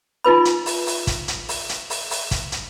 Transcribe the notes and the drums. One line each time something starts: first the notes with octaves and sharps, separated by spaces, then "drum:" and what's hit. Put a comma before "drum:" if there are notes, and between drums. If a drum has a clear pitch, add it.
D#4 F4 B4 B5
drum: hi-hat
drum: open hi-hat
drum: open hi-hat
drum: kick, hi-hat
drum: hi-hat
drum: open hi-hat
drum: hi-hat
drum: open hi-hat
drum: open hi-hat
drum: kick, hi-hat
drum: hi-hat